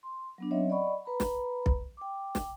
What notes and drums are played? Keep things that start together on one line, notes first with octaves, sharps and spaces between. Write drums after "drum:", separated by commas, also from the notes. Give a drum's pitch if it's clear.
C6
F#3 B3 D4
F#3 C4 C#4 C#5 D#5 E5
D5 D#5 F#5 B5 C#6
B4 A#5 B5
drum: snare
drum: kick B1
G5 D6
drum: snare